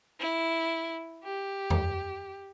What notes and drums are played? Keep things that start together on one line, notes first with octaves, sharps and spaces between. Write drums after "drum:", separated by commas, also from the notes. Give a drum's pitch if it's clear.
E4
G4
drum: tom E2